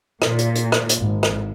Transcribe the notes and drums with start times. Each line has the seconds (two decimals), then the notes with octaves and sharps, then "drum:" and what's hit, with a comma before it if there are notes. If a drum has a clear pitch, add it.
0.22 A#2, drum: rim click
0.39 drum: hi-hat
0.55 drum: hi-hat
0.72 drum: rim click
0.89 drum: hi-hat
0.99 G#1
1.23 drum: rim click